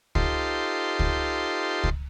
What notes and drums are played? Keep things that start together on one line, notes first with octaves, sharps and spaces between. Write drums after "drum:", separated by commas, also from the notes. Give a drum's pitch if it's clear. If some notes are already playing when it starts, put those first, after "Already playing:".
D#4 F4 G4 A4 C5 C6, drum: kick C#2
drum: kick C#2
drum: kick C#2